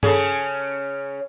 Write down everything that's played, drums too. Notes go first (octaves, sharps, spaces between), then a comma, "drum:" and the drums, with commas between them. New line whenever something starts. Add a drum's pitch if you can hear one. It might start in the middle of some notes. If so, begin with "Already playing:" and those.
C#3 C#4 G#4 A4, drum: tom G2